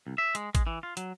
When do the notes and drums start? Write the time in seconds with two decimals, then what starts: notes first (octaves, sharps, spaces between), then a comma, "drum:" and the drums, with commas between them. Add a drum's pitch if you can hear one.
0.07 C2
0.18 E5
0.35 G#3, drum: hi-hat
0.55 G#3, drum: kick, hi-hat
0.67 E3
0.83 F4
0.97 F#3, drum: hi-hat